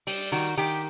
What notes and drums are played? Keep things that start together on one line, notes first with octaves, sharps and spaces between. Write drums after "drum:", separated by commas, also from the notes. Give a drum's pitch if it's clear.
G3, drum: open hi-hat
D#3 F#4
D#3 G4